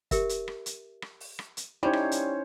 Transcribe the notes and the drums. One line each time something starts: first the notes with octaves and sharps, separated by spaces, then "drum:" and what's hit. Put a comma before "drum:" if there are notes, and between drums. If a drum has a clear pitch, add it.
G4 A#4 E5, drum: kick, hi-hat
drum: hi-hat
drum: rim click
drum: hi-hat
drum: rim click
drum: open hi-hat
drum: rim click
drum: hi-hat
G3 C#4 D#4 E4 C5 C#5
drum: rim click
drum: hi-hat